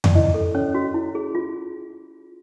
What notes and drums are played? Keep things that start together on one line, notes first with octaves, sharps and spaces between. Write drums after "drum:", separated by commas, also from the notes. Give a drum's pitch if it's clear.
D5, drum: tom F2
E4 D#5
A4
C#4 C#5
F#4
E4
G#4
F4